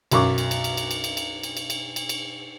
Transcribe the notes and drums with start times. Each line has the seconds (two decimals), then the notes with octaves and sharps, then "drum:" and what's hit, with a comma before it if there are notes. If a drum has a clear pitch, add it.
0.11 B1 F#2 C#6 D6, drum: cymbal
0.38 drum: cymbal
0.51 drum: cymbal
0.64 drum: cymbal
0.77 drum: cymbal
0.91 drum: cymbal
1.04 drum: cymbal
1.17 drum: cymbal
1.43 drum: cymbal
1.57 drum: cymbal
1.70 drum: cymbal
1.96 drum: cymbal
2.09 drum: cymbal